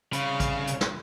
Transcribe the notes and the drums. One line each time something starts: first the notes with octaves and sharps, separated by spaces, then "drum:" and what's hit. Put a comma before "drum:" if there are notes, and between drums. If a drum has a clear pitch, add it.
C2 C#3 F5 B5 C#6, drum: hi-hat
drum: kick, hi-hat
drum: hi-hat
drum: snare